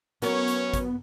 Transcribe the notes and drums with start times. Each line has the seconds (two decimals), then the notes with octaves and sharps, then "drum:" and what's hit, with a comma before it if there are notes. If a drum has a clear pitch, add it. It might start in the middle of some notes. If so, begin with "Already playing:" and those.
0.22 F#3 B3 C#4 F#4 A#4 C#5, drum: hi-hat
0.48 drum: hi-hat
0.74 drum: kick, hi-hat